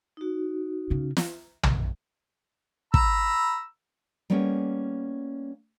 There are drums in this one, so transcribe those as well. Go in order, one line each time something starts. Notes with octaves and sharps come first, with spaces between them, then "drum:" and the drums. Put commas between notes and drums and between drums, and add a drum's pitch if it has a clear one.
D#4 F#4
C#3 C#4
drum: snare
drum: tom
A#5 B5 E6, drum: kick
G3 A#3 B3 C#4 G#4